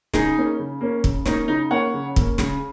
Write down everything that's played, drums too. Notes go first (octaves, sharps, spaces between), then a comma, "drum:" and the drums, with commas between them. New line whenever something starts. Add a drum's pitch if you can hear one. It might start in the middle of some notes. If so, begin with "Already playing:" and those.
C#3 D#4 G#4, drum: snare
A#3 C#4
C#3
A#3 C#4
C#3, drum: kick
A#3 C#4 D#4, drum: snare
C#3 D#4
A#3 C#4 C#5 F#5
C#3
A#3 C#4, drum: kick
C#3, drum: snare